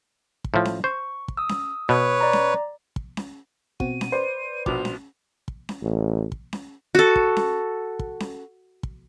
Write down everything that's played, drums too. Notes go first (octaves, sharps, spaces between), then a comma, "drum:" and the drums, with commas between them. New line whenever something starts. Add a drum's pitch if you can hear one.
drum: kick
A2 F3
drum: snare C#4
C5 C#6
drum: kick
D#6 E6
drum: snare C#4
B2 B4 C#5
D5 A#5
drum: snare C#4
drum: kick
drum: snare C#4
B2 C4 F#4 D#7, drum: kick
drum: snare C#4
B4 C5 D5
A#1 B2 D6 F7, drum: kick
drum: snare C#4
drum: kick
drum: snare C#4
A1
drum: kick
drum: snare C#4
F#4 A4
drum: kick
drum: snare C#4
drum: kick
drum: snare C#4
drum: kick